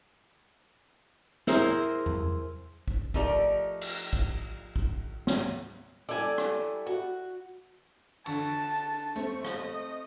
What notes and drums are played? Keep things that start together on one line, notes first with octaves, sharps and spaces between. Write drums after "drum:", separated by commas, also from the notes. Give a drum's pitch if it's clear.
C4 E4 G#4 A#4 C5, drum: snare
drum: tom E2
drum: kick
F3 A3 D#4 G4 A#4 D5, drum: kick
drum: cymbal
drum: kick
drum: kick
drum: snare
G3 E4 A4 D5 G#5
drum: rim click
F#4
D3 A5 C#6, drum: cymbal
A3 C4 C5 C#6, drum: hi-hat
D#5, drum: rim click